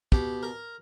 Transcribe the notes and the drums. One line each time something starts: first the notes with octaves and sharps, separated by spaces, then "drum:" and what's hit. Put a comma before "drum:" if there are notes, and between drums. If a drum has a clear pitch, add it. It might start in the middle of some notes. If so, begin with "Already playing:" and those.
B2 G4, drum: kick
A#4